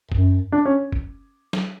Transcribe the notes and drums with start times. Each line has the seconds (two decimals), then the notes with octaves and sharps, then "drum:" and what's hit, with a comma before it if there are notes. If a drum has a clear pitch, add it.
0.12 F#2, drum: kick G1
0.52 D4
0.65 C#4
0.92 drum: kick G1
1.53 drum: snare